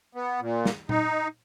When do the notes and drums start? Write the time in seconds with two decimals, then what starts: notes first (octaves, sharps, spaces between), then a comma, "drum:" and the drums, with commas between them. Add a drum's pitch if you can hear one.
0.15 B3
0.40 A#2
0.66 drum: snare
0.89 D#4, drum: tom A#2